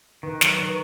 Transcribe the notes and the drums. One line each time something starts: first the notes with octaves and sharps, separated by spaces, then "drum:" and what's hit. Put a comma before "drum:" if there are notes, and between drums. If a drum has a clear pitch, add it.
D#3 B4
F#3, drum: snare
D#3